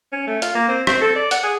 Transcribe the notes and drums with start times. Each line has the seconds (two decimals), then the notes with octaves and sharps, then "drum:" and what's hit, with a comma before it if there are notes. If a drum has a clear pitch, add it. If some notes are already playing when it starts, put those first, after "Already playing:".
0.12 C#4
0.27 A3
0.42 F4, drum: hi-hat
0.55 A#3
0.68 C4
0.87 C4, drum: rim click
1.01 A4
1.16 D5
1.31 F#5, drum: hi-hat
1.43 G#4